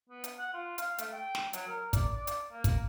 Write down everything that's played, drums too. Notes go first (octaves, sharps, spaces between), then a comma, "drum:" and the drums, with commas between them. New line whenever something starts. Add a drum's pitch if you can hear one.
B3
drum: hi-hat
F#5
F4
F5, drum: hi-hat
A3, drum: hi-hat
G5
drum: snare
F#3, drum: hi-hat
A#4
D5, drum: kick, hi-hat
D5
drum: hi-hat
A#3
drum: kick, hi-hat